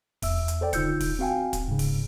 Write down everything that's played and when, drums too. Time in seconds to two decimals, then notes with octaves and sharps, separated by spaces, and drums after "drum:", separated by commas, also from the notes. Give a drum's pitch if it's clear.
0.22 E2 E5 E6, drum: kick, open hi-hat
0.48 drum: hi-hat
0.61 A4 C5 D5 G5
0.73 D3 D#4 F4 E6 G6 C#7, drum: kick, hi-hat
1.00 drum: kick, open hi-hat
1.19 C4 F#4 F5 G5 G#5
1.53 drum: kick, hi-hat
1.68 G#2 C#3
1.79 drum: kick, open hi-hat